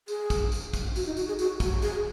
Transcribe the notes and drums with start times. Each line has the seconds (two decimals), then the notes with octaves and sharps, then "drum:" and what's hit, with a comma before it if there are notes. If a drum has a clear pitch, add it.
0.08 G#4, drum: tambourine
0.30 drum: kick, tambourine
0.52 drum: tambourine
0.73 drum: kick, tambourine
0.96 F#4, drum: tambourine
1.06 D#4
1.17 F#4, drum: tambourine
1.28 G#4
1.39 F#4, drum: tambourine
1.60 F#4, drum: kick, tambourine
1.82 G#4, drum: tambourine